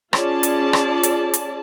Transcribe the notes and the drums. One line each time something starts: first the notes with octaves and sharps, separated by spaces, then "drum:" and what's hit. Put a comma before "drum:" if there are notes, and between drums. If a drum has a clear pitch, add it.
C#4 F4 G#4 D5 A5, drum: rim click
drum: hi-hat
drum: rim click
drum: hi-hat
drum: hi-hat